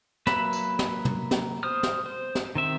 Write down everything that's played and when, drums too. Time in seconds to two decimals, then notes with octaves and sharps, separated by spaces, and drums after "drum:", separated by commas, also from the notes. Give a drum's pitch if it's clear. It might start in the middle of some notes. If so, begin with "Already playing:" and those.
0.27 F#3 A#3 B4 E5 B5, drum: snare
0.53 drum: tambourine
0.79 drum: snare
1.05 drum: tom
1.31 drum: snare
1.63 C5 D#6 F6
1.83 drum: snare
2.06 C5
2.35 drum: snare
2.55 D#3 C4 E5